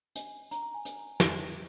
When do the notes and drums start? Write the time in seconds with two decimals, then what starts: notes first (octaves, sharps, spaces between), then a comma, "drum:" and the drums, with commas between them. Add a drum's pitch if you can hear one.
0.16 G#5, drum: hi-hat
0.51 A#5, drum: hi-hat
0.63 A#5
0.74 G#5
0.85 drum: hi-hat
1.20 drum: snare